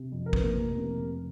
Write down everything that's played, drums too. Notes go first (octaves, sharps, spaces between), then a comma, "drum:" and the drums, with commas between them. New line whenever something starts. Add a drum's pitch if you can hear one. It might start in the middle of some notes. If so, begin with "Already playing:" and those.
Already playing: C3
F2
A#4
F2 B4, drum: kick
A#3 A#4
F1
C3
F1